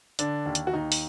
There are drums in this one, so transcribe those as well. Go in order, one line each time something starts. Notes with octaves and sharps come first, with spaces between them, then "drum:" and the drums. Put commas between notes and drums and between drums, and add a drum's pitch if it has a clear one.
D3 D4, drum: hi-hat
D#2
drum: hi-hat
F#4
D#2 D#4
drum: open hi-hat